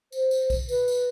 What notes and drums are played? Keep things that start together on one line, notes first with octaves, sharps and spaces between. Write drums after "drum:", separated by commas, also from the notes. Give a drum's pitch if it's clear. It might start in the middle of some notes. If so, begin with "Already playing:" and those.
C5, drum: tambourine
drum: tambourine
drum: kick B1, tambourine
B4, drum: tambourine
drum: tambourine